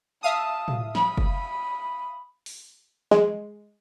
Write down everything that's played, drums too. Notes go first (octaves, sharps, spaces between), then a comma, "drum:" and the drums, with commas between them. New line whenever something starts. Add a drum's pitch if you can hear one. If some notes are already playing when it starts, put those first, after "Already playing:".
E5 F5 A5 D#6
drum: tom A2
B5, drum: snare
drum: kick
drum: open hi-hat
G#3, drum: snare